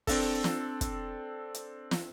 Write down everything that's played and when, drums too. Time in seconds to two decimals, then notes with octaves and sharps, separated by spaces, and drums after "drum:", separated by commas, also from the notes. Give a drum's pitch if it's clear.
0.07 C4 D4 A4, drum: kick, open hi-hat
0.44 drum: snare
0.81 drum: kick, hi-hat
1.54 drum: hi-hat
1.91 drum: snare